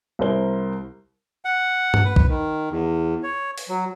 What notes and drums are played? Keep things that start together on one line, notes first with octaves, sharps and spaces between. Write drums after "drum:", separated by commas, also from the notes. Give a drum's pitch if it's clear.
C2 E4 A#4 C5 G7
F#5
drum: tom G2
B4
drum: kick A#1
D#3
E2
C#5
drum: open hi-hat
F#3